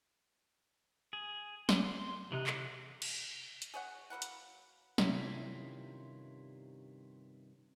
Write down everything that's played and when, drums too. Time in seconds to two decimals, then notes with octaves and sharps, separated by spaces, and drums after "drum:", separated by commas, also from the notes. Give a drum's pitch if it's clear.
1.13 G#4
1.69 C6, drum: snare
2.32 C3 E3 D#4 F#6
2.47 drum: clap
3.02 drum: cymbal
3.62 drum: hi-hat
3.74 G#4 C#5 F#5
4.10 F#3 A#3 B4 F#5
4.22 drum: hi-hat
4.98 G2 C3 D#3 C#4 E4 F4, drum: snare